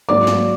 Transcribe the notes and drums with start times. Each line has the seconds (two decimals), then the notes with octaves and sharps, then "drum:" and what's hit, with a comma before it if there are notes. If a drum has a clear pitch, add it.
0.09 G#2 F#3 A#3 D5 D6
0.27 drum: snare